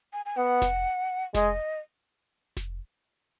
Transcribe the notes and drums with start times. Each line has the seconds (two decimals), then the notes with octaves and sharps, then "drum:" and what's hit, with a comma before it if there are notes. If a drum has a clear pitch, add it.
0.13 G#5
0.26 G#5
0.37 B3 F#5
0.62 drum: snare F1
1.35 G#3 D#5, drum: snare F1
2.57 drum: snare F1